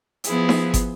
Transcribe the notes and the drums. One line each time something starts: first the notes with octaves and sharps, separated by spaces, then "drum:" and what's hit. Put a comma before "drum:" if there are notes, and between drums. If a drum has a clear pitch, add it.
F3 B3 E4 G#4, drum: hi-hat
drum: snare D#4
drum: kick, hi-hat